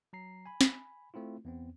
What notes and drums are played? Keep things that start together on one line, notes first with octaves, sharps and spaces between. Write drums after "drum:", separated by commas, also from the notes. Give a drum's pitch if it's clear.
F#3 A#5 C7
G#5 B5
drum: snare
A3 C4 E4 F4
E2 B3 C4